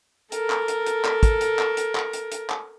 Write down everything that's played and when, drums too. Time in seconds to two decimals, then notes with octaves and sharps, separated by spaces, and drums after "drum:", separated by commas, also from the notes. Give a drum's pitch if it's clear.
0.32 A4 A#4, drum: hi-hat
0.50 drum: clap
0.68 drum: hi-hat
0.86 drum: hi-hat
1.05 drum: clap
1.23 drum: kick, hi-hat
1.41 drum: hi-hat
1.59 drum: clap
1.77 drum: hi-hat
1.95 drum: clap
2.13 drum: hi-hat
2.32 drum: hi-hat
2.50 drum: clap